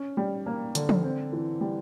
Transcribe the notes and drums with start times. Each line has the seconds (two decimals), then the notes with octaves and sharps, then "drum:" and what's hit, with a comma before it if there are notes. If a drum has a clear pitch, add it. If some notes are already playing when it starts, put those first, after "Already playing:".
Already playing: C#4
0.17 G3
0.46 A#3
0.75 D3, drum: hi-hat
0.89 drum: tom
1.04 C4
1.33 E3
1.61 G3